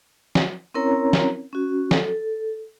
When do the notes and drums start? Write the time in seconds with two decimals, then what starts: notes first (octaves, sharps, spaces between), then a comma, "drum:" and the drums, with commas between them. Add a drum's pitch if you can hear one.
0.35 drum: snare
0.74 C4 C#4 E4 A#4 C#5 A#5
1.13 drum: snare
1.53 C#4 F#4
1.91 A4, drum: snare